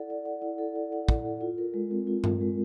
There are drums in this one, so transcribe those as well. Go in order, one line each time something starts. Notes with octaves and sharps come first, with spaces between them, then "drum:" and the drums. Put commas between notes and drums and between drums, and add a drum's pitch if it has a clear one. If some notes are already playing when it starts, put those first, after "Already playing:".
Already playing: E4 A4 D5 F#5
D5
F#5
E4
A4
D5
F#5
E4, drum: kick
A4
F4
A#4
G#3
C4
F4
A#4, drum: tom G2
G#3